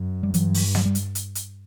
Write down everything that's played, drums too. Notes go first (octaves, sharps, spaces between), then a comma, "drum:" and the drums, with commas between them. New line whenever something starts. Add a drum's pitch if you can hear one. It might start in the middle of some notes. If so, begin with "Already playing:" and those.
Already playing: F#2
G3
G2 E3 F#3, drum: hi-hat
drum: open hi-hat
F#3, drum: snare
G3
drum: hi-hat
drum: hi-hat
drum: hi-hat